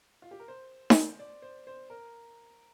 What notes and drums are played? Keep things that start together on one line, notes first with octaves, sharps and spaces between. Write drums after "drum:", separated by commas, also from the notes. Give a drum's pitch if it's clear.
F4
G4
A#4
C5
drum: snare D#4
D5
C5
C5
A#4